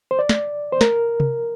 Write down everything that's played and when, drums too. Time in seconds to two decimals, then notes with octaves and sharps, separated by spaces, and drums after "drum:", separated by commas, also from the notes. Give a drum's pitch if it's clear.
0.11 C5
0.19 D5
0.29 drum: snare
0.72 C5
0.81 A#4, drum: snare
1.20 drum: tom C3